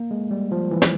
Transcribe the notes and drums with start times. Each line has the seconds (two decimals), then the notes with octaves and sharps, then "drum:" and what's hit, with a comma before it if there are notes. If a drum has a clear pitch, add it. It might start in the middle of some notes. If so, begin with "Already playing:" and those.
Already playing: A#3
0.11 G#3
0.31 G3
0.52 F3
0.71 E3
0.82 drum: snare